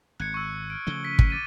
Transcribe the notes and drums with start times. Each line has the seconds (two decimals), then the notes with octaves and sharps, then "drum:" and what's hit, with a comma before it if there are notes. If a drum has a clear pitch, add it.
0.20 G#1 F#6 G#6 C#7
0.34 C#6 E6
0.70 F6 D7
0.87 C#3 F3 A3 G7
1.05 B6 D#7
1.19 drum: kick
1.30 D6 A6 D#7